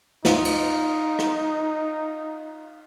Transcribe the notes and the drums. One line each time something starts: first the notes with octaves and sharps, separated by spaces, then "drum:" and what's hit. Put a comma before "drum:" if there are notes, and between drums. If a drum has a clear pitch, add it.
D#4 F4, drum: snare
drum: cymbal
drum: rim click